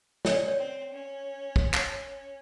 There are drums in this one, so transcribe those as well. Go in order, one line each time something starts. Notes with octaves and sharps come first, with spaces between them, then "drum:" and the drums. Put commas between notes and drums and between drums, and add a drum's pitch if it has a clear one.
C#4 C#5, drum: snare
D5
C#5
C4
C#4
drum: kick
drum: clap